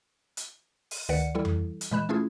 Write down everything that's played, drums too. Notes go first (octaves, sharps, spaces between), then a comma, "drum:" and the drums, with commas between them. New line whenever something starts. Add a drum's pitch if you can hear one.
drum: hi-hat
drum: open hi-hat
D2 D#3 B4 D5 F#5 C#7
E3 G3 E4 A4
drum: tom F2
drum: hi-hat
A#2 E3 G#3 B5 F#6 E7
A3 C#4 E4 F4 G#4